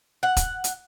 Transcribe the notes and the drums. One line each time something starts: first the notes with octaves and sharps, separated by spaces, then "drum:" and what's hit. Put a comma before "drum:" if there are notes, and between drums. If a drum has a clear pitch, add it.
F#5
drum: kick, hi-hat
drum: hi-hat